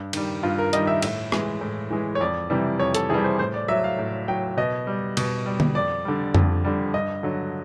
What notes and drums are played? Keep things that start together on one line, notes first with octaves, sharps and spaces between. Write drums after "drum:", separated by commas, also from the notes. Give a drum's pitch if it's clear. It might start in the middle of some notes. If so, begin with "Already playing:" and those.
Already playing: G2
D#3 G3, drum: cymbal
G2 F4
A#4
D#3 G3 D#5, drum: hi-hat
E5
A2 E5, drum: cymbal
E3 G#3, drum: rim click
A2
E3 G#3
C#5
F2 D5
C3 E3 G3
F2 C#5
A4, drum: hi-hat
C3 E3 G3 G#4
C5
A2 C5
D5
F#3 E5
F5
A2
F#3 G5
B2 D#5
G3
B2, drum: cymbal
G3
drum: tom D3
F2 D5
D3 G3
F2, drum: tom F2
D3 G3
G2 D#5
D3 F#3